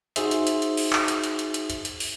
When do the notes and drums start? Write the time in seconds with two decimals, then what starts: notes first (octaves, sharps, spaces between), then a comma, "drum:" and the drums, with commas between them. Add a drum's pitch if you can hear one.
0.16 D#4 F#4 G#4 C5 E5, drum: hi-hat
0.31 drum: hi-hat
0.47 drum: hi-hat
0.62 drum: hi-hat
0.77 drum: open hi-hat
0.93 drum: clap
1.08 drum: hi-hat
1.24 drum: hi-hat
1.39 drum: hi-hat
1.54 drum: hi-hat
1.70 drum: hi-hat
1.85 drum: hi-hat
2.00 drum: open hi-hat